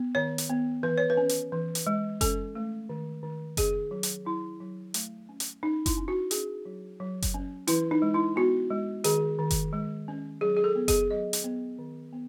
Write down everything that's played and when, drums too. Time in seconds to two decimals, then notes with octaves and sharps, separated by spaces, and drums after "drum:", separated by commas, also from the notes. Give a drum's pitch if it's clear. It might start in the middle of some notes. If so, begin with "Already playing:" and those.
Already playing: B3
0.15 D#3 C#5
0.38 drum: hi-hat
0.49 B3
0.83 E3 B4
0.98 C#5
1.10 B4
1.17 C#4
1.29 drum: hi-hat
1.52 E3
1.75 drum: hi-hat
1.87 G#3
2.21 C#4 A4, drum: kick F#1, hi-hat
2.55 A3
2.89 D#3
3.23 D#3
3.57 C#4 G#4, drum: kick F#1, hi-hat
3.91 F#3
4.03 drum: hi-hat
4.25 F#3 E4
4.60 F#3
4.94 A3, drum: hi-hat
5.29 C#4
5.40 drum: hi-hat
5.63 C#4 D#4
5.86 E4, drum: kick F#1, hi-hat
5.97 C#4
6.08 F#4
6.31 C#4 G#4, drum: hi-hat
6.65 F#3
7.00 F#3
7.22 drum: kick F#1, hi-hat
7.34 C#4
7.67 E3 E4, drum: hi-hat
7.91 D#4
8.02 G#3
8.14 E4
8.36 B3 F#4
8.70 G#3
9.04 D#3 G#4, drum: hi-hat
9.39 D#3
9.51 drum: kick F#1, hi-hat
9.73 G#3
10.08 C#4
10.41 F#3 G#4
10.57 G#4
10.64 A4
10.75 B3
10.88 G#4, drum: kick F#1, hi-hat
11.11 F#3 D#5
11.33 drum: hi-hat
11.44 B3
11.79 D#3
12.13 B3